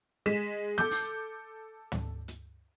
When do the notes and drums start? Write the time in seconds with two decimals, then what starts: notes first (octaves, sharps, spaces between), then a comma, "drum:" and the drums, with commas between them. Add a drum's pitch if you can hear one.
0.26 G#3 B6 E7
0.78 A4 D6 G6, drum: snare
0.91 drum: open hi-hat
1.92 drum: tom
2.28 drum: hi-hat